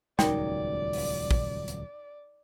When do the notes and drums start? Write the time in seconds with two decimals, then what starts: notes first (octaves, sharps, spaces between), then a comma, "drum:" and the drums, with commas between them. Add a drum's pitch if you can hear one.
0.19 D#1 C#2 F#3 D#4 A#4 D5 G5, drum: snare
0.93 drum: open hi-hat
1.31 drum: kick
1.68 drum: hi-hat